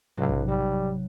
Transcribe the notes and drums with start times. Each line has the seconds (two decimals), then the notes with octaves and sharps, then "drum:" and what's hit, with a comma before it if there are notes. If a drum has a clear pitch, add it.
0.17 C#2 G#2 C3 F#3
0.29 drum: kick A#1
0.48 F#3 G3